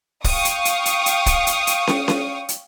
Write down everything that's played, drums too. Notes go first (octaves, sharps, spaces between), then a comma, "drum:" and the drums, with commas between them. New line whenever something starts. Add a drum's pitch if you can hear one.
F5 G5 C#6 D#6, drum: kick, open hi-hat
drum: hi-hat
drum: hi-hat
drum: hi-hat
drum: hi-hat
drum: kick, hi-hat
drum: hi-hat
drum: hi-hat
drum: snare
drum: snare
drum: hi-hat